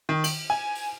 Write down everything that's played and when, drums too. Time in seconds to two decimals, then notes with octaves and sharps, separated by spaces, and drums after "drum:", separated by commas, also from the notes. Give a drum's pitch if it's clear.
0.09 D#3
0.24 F#7, drum: cymbal
0.50 G#5
0.75 drum: open hi-hat